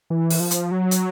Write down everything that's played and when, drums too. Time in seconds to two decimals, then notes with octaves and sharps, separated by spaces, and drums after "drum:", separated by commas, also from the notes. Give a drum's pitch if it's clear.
0.10 E3
0.30 drum: open hi-hat
0.40 F3
0.51 drum: hi-hat
0.71 F#3
0.91 drum: hi-hat